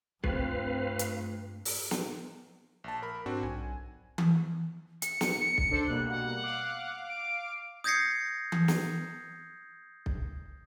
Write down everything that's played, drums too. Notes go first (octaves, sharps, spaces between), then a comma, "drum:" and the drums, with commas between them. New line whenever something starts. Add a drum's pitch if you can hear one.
G2 A3 C4 F4 G#4 B4 F5, drum: kick B1
drum: hi-hat
drum: open hi-hat
drum: snare
A#1 A5
A#4 B5
G#2 C4 D4 F#4
B1 G#5
drum: tom E3
C#7, drum: hi-hat
drum: snare
drum: kick B1
D4 A4 C5
B2 G3 A#3 F#6
F#5
F5 D6
D7
D#6 G6 G#6 A#6 C7 C#7
drum: tom E3
drum: snare
drum: kick B1